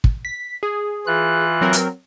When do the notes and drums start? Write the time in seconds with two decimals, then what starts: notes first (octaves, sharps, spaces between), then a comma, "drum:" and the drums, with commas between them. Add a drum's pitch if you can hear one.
0.04 drum: kick
0.25 B6
0.63 G#4
1.07 E3 F4 F#6
1.61 F#3 C4 A#4
1.73 drum: hi-hat